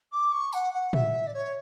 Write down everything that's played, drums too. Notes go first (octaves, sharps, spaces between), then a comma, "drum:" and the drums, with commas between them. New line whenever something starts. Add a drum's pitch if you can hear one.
D6
C#6
F#5, drum: tambourine
F#5
E5, drum: tom
D5
C#5